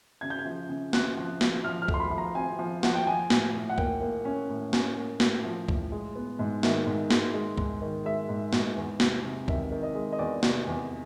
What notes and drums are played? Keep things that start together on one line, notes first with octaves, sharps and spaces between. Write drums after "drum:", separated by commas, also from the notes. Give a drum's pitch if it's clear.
C#3 G#6
G6
G#6
F3
C#3
C4 F#6, drum: snare
F3
F3, drum: snare
F3 F6
F6
A3, drum: kick
C6
B5
F3
A#5
C4 G#5
F3
F3 F#5, drum: snare
G5
F3 G#5
A2, drum: snare
A2
F#5
A#3 G5, drum: kick
A#3
C#4
A2
C#4, drum: snare
A#3
A2, drum: snare
F3
A2, drum: kick
G#3
B3
G#2
D#3 E5, drum: snare
G#2
G#3, drum: snare
G#3
G#2, drum: kick
D#3
G#3 E5
G#2
G#2, drum: snare
E2
C3, drum: snare
C3
D#3 E5, drum: kick
D#3
D#5
G#3
D#5
E2 D5
C3, drum: snare
E2